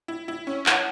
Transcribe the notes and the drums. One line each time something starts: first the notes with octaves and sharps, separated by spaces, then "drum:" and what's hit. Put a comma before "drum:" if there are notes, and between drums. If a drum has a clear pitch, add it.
E4
E4
C#4
E4 F#5 A5, drum: clap